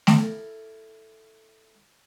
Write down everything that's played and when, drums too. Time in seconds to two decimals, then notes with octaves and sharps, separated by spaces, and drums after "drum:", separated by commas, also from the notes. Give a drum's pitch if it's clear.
0.07 drum: snare A3
0.17 E4 G4 A4 A#4